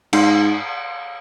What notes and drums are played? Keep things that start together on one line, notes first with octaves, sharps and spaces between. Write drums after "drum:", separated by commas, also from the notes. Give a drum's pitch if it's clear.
G#2, drum: cymbal